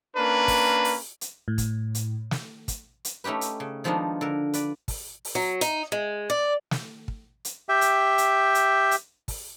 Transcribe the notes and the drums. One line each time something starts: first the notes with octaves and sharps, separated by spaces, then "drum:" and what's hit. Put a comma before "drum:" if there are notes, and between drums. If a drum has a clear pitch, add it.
A#3 C#4 D4 A#4 B4
drum: kick, open hi-hat
drum: open hi-hat
drum: hi-hat
A2
drum: kick, hi-hat
drum: hi-hat
drum: snare
drum: kick, hi-hat
drum: hi-hat
A3 C#4 D#4 G4 B4
drum: hi-hat
C#3
D#3 F3 G#3 B3 D4 D#4
D3 A#4
B4 D5, drum: hi-hat
drum: kick, open hi-hat
drum: open hi-hat
F#3
D#4, drum: hi-hat
G#3
D5
drum: snare
drum: kick
drum: hi-hat
G4 E5 G5
drum: hi-hat
drum: hi-hat
drum: hi-hat
drum: hi-hat
drum: kick, open hi-hat